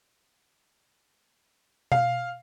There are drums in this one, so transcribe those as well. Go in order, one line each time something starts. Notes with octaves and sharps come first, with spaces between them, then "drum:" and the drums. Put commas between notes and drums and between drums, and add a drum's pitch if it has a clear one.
F5, drum: tom B2